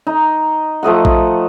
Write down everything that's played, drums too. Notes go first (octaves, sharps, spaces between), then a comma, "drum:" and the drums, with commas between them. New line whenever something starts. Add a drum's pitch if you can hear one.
D#4
F3 A3 D#5 F#5
drum: kick A#1